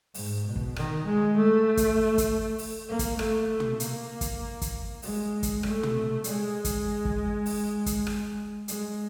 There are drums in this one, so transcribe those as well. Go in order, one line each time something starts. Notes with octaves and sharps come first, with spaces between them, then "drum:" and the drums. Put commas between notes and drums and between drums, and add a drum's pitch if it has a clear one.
G#2, drum: open hi-hat
B2
drum: kick
D#3, drum: rim click
G#3
A3
drum: kick, hi-hat
drum: kick, hi-hat
drum: open hi-hat
A#3
drum: kick, hi-hat
A3, drum: rim click
drum: tom
A#3, drum: hi-hat
drum: kick, hi-hat
drum: kick, hi-hat
G#3, drum: open hi-hat
drum: kick, hi-hat
A3, drum: rim click
drum: tom
G#3, drum: hi-hat
drum: kick, hi-hat
drum: kick
drum: open hi-hat
drum: kick, hi-hat
drum: rim click
G#3, drum: hi-hat